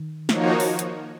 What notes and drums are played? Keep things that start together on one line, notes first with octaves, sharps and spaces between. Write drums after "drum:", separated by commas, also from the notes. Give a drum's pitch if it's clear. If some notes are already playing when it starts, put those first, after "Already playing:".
Already playing: D#3
F3 A#3 D#4 F#4 C#5, drum: snare
drum: open hi-hat
drum: hi-hat